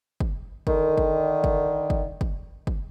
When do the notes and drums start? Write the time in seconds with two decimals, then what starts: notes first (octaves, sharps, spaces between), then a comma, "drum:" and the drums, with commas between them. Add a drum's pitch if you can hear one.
0.20 drum: kick
0.67 D3 D#3, drum: kick
0.98 drum: kick
1.44 drum: kick
1.90 drum: kick
2.21 drum: kick
2.67 drum: kick